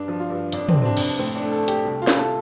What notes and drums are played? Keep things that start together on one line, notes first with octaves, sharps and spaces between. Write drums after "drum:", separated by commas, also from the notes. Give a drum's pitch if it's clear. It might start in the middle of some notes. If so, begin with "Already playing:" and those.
Already playing: G2 D4
F3
F4
G2
F2 D4, drum: hi-hat
C4, drum: tom
C3
C4
D4
F2, drum: cymbal
D4
A2 C4
D4
A3
A4
A3
G4, drum: hi-hat
C2
F4
C3, drum: snare
A4